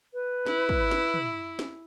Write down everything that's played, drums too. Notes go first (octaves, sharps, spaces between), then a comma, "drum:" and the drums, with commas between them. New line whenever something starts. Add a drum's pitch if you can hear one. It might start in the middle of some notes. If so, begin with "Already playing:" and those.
B4
E4, drum: snare
drum: kick
drum: snare
drum: tom
drum: snare